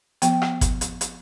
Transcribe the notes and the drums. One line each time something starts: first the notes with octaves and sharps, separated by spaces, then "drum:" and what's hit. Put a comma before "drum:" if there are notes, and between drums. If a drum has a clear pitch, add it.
F3 B3 G5, drum: hi-hat
drum: rim click
drum: kick G1, hi-hat
drum: hi-hat
drum: hi-hat